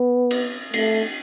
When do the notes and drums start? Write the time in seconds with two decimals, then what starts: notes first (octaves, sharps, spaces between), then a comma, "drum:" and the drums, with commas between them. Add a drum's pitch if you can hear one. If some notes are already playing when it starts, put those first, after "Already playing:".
Already playing: B3
0.31 drum: cymbal
0.74 A3, drum: cymbal